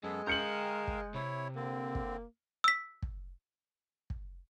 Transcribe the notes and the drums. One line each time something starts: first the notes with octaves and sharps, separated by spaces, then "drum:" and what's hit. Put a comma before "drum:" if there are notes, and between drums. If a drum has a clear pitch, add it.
F#2 G#3 B3 A4
A#4 F5 G5 A#5 G6 C#7 F#7
drum: kick
C3 E4 C#5
D3 A#3 C4
drum: kick
E6 B6
drum: kick
drum: kick